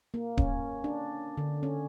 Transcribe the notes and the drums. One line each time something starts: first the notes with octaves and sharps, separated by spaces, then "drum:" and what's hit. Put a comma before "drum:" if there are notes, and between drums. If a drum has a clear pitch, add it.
A#3
C#4, drum: kick D1
D4
D3
C#4